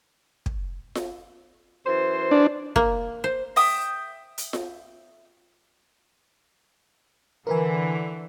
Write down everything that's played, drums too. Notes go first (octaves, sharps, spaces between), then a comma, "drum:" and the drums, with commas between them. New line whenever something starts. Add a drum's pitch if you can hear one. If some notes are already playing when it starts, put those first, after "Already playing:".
drum: kick
drum: snare F4
F#2 E3 C5
D4
A#3, drum: kick
C5
E5 G5 D#6, drum: open hi-hat
drum: hi-hat
drum: snare F4
D3 E3 A#4 B4 G#5